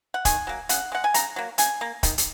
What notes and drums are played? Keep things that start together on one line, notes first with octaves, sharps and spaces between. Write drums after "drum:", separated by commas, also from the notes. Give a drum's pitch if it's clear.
F#5
D#3 G#5, drum: kick, hi-hat
F#3 A#3
C#3 F#5, drum: hi-hat
G#3 F#5
G#5
C#3 A#5, drum: hi-hat
F#3 A#3
C#3 G#5, drum: hi-hat
A#3
D#3, drum: kick, hi-hat
drum: hi-hat